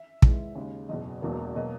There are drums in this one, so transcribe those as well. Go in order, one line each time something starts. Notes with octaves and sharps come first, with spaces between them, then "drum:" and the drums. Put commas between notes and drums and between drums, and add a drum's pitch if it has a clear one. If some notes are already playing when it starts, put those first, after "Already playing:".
Already playing: E5
G#1 G#2 E3 G#3, drum: kick
D#2 C#3 G#3
F#1 E2 B2 D#5
E1 E2 B2 F#3 A#3
B2 F#3 A#3 D#5